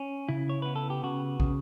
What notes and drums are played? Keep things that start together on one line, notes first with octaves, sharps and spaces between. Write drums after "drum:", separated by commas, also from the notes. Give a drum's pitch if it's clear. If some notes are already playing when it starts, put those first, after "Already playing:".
Already playing: C#4
C#3 E4
C#5
B3 B4
A4
G4
C#3 F#4
C#3, drum: kick